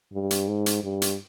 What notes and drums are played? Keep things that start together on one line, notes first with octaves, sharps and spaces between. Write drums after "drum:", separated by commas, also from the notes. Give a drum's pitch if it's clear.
G2
drum: hi-hat
G#2
drum: hi-hat
G2
drum: hi-hat